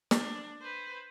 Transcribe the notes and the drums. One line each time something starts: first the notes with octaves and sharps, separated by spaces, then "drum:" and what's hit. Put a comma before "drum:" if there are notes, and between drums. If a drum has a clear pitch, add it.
D4, drum: snare
B4 C5